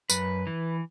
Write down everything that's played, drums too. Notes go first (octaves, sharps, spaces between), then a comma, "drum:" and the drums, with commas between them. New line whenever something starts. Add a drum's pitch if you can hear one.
F#2 B4, drum: tambourine
E3